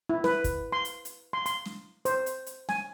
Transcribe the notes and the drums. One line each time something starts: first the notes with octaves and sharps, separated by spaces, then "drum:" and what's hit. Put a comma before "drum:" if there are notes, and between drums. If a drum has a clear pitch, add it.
E4
B4, drum: snare
drum: kick, hi-hat
C6
drum: hi-hat
drum: hi-hat
C6
C6, drum: hi-hat
drum: snare
C5, drum: hi-hat
drum: hi-hat
drum: hi-hat
G#5, drum: snare